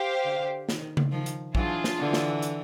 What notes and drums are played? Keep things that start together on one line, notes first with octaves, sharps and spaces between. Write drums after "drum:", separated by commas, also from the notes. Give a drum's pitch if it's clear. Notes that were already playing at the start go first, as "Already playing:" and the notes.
Already playing: G4 C5 F5
D3
D#3, drum: snare
drum: tom C#3
D#3 F3
drum: hi-hat
E3 F#3 D4 F4 G#4, drum: kick
drum: snare
D3 E3
drum: snare
drum: hi-hat